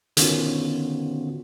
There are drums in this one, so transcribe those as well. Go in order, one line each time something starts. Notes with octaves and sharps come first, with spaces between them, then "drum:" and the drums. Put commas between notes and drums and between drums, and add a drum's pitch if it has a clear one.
D3 D#3 B3 C#4 F4 F#4, drum: hi-hat